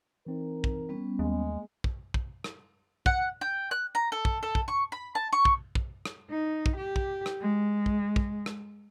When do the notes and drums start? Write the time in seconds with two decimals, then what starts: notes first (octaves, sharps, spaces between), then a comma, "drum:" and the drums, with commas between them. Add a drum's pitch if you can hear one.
0.27 E3 C4 D#4 A#4
0.64 drum: kick
0.89 G3 B3 C#4
1.19 D#2 G#3 A#3 G#4
1.84 drum: kick
2.14 drum: kick
2.44 drum: rim click
3.06 F#5, drum: kick
3.41 G5
3.71 F#6
3.95 A#5
4.12 A4
4.25 drum: kick
4.43 A4
4.55 drum: kick
4.68 C#6
4.92 B5
5.15 A5
5.33 C#6
5.45 drum: kick
5.75 drum: kick
6.05 drum: rim click
6.31 D#4
6.66 drum: kick
6.77 G4
6.96 drum: kick
7.26 drum: rim click
7.41 G#3
7.86 drum: kick
8.16 drum: kick
8.46 drum: rim click